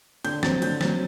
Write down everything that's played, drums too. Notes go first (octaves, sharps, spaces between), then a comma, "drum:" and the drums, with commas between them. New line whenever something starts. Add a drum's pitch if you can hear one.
D3 G6, drum: cymbal
F#3 C4 A6, drum: snare
D3 G6, drum: cymbal
F#3 C4 A6, drum: snare